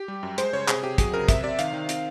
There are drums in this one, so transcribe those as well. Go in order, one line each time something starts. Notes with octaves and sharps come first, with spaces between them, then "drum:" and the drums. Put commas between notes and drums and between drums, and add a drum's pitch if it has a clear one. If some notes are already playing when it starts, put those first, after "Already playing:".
Already playing: G4
G3
F#2
G#3 C5, drum: hi-hat
C#3 C#5
C3 G#4, drum: clap
C3 G4
F#3 G#4, drum: kick, hi-hat
C#3 A#4
C3 E5, drum: kick, hi-hat
C3 D5
D#3 F5, drum: hi-hat
D#3
C4, drum: hi-hat